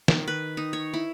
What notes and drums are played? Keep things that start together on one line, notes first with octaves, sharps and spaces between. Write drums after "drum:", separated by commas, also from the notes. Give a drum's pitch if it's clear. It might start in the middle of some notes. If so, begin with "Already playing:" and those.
D#3, drum: snare
B4
D#4
C#5
E4